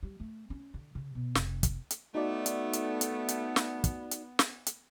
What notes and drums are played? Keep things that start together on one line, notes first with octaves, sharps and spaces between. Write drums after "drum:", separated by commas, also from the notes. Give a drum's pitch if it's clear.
G3
A3
C#4
D3
C#3
B2
F1, drum: snare
drum: kick, hi-hat
drum: hi-hat
A3 B3 D#4 F#4 D5
drum: hi-hat
drum: hi-hat
drum: hi-hat
drum: hi-hat
drum: snare
drum: kick, hi-hat
drum: hi-hat
drum: snare
drum: hi-hat